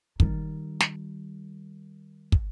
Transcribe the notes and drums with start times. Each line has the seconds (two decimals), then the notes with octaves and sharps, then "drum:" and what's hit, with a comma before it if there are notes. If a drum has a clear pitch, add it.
0.20 D#3 G3, drum: kick
0.80 drum: snare
2.32 drum: kick